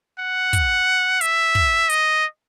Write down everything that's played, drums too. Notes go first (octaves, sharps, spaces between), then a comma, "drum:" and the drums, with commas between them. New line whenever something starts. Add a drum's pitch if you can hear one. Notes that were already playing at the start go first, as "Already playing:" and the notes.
F#5
drum: kick, hi-hat
E5, drum: hi-hat
drum: kick
D#5, drum: hi-hat